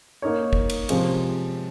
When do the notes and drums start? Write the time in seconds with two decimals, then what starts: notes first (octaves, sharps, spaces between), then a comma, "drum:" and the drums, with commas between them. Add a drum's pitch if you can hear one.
0.22 A#3 D#4 A#4 C#5
0.53 drum: kick G1
0.70 drum: cymbal
0.89 C3 F3 G#3, drum: cymbal